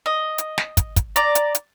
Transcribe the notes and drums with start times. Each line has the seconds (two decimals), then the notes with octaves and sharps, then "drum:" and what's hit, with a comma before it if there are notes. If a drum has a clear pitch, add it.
0.06 D#5
0.38 drum: hi-hat
0.58 drum: snare
0.77 drum: kick, hi-hat
0.96 drum: kick, hi-hat
1.16 D5 A#5, drum: hi-hat
1.35 drum: hi-hat
1.55 drum: hi-hat